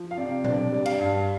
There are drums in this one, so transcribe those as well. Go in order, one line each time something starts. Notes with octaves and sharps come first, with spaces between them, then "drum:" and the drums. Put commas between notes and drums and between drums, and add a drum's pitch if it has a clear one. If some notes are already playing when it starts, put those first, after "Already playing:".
Already playing: F3
F5
C3 D5
D4 D5, drum: tom A#2
G3 D5
F5, drum: cymbal
G2